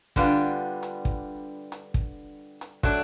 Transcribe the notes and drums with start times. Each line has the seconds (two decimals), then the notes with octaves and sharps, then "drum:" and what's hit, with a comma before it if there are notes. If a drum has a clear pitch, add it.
0.16 D3 G3 B3 D4 F4, drum: kick
0.83 drum: hi-hat
1.05 drum: kick
1.72 drum: hi-hat
1.94 drum: kick
2.61 drum: hi-hat
2.83 F#3 A3 D4, drum: kick